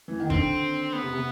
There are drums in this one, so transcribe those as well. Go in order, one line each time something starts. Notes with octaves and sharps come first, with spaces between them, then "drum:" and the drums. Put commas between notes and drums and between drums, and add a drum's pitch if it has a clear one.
E3
D#3
D3 C4, drum: kick
B3
C3
C3